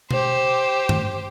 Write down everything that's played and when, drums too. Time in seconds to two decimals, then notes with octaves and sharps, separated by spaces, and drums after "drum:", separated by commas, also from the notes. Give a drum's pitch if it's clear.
0.11 G4 C5, drum: tom B2
0.89 drum: tom G2